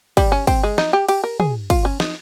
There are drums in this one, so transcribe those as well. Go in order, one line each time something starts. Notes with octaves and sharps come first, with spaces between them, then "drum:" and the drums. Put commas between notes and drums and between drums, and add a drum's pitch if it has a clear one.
G3, drum: kick, cymbal
C#4
C4, drum: kick, cymbal
G#3
D#4, drum: snare
G4
G4, drum: cymbal
A#4
G#4, drum: tom
F4, drum: kick, cymbal
C#4
D#4, drum: snare